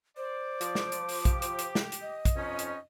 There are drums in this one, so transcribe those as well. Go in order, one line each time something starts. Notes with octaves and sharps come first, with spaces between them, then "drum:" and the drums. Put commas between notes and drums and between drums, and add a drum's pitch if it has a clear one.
C5 D5
F3 D6, drum: hi-hat
drum: snare
drum: hi-hat
drum: open hi-hat
G4, drum: kick, hi-hat
drum: hi-hat
drum: hi-hat
drum: snare
drum: hi-hat
D#5
drum: kick, hi-hat
F2 C#4 D#4
drum: hi-hat